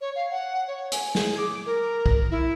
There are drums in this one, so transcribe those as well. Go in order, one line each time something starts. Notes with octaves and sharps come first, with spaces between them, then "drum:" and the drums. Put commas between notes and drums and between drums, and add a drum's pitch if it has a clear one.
C#5
F5
F#5
C#5
G#5, drum: hi-hat
G#4, drum: snare
D6
A#4
drum: kick
E4